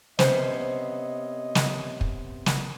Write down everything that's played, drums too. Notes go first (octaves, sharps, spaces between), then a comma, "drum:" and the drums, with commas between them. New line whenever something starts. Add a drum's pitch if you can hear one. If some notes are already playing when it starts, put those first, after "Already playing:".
C3 B3 C#4 C5 D#5, drum: snare
drum: snare
drum: kick
drum: snare